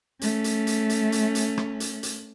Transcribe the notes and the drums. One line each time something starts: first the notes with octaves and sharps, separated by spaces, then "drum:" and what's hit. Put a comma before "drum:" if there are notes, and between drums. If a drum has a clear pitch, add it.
A3 C#4, drum: hi-hat
drum: hi-hat
drum: hi-hat
drum: hi-hat
drum: hi-hat
drum: hi-hat
drum: rim click
drum: hi-hat
drum: hi-hat